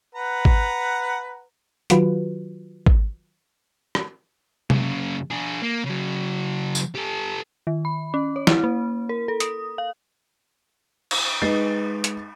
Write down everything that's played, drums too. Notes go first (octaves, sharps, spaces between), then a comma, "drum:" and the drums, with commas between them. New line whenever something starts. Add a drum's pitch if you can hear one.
B4 F#5 A#5
drum: kick G#1
D#3 F#3 F4 F#4 B4, drum: hi-hat
drum: kick G#1
drum: rim click
F#2 C#3, drum: tom C3
D4 G#4
A#3
C#3 F#3
drum: tambourine
G4 A4
D#3
B5
C#4
C#5
E4, drum: snare
A#3
A#4
A4
D#6, drum: hi-hat
F5
drum: cymbal
G#3 D#4 B4 D#5 A6 C7
drum: hi-hat